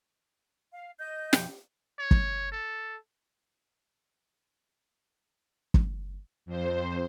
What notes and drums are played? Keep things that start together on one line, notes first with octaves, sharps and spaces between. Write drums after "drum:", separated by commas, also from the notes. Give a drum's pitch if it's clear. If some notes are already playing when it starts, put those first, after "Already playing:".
F5
D#5 G6
B1 F2 G5, drum: snare
C#5
drum: kick
A4
drum: kick
F2 C5